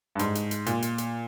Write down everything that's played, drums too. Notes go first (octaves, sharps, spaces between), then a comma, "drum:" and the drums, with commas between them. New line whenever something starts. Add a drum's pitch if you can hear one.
G2
G#2, drum: hi-hat
drum: hi-hat
drum: hi-hat
A#2, drum: hi-hat
drum: hi-hat
drum: hi-hat